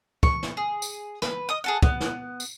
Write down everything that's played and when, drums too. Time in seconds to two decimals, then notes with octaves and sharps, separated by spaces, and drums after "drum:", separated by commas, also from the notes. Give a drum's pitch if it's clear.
0.23 C#6, drum: kick
0.43 drum: snare
0.57 G#4
0.82 drum: tambourine
1.22 B4, drum: snare
1.49 D#5 D#6
1.64 G#4 A4 F#5
1.82 B3, drum: kick
2.00 drum: snare
2.40 drum: tambourine